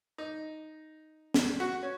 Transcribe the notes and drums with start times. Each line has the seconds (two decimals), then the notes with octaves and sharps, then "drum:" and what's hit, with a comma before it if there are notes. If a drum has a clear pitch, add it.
0.18 D#4
1.34 drum: snare
1.60 F#4
1.83 C#4